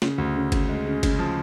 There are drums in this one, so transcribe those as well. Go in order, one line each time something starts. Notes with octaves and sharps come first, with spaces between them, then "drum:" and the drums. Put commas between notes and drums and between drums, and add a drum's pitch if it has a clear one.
C#3, drum: snare
D2
C#3
C#3, drum: kick G1, cymbal
G#3
C#3
C#3, drum: kick G1, cymbal
F3